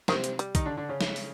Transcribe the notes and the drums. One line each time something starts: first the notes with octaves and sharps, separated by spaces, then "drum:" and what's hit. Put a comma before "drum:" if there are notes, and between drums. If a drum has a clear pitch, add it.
C3 D#3 C4, drum: snare
drum: hi-hat
G3, drum: hi-hat
D#3 D#4, drum: kick, hi-hat
D3 D4
D3 D4
C#3 C#4
drum: snare
drum: open hi-hat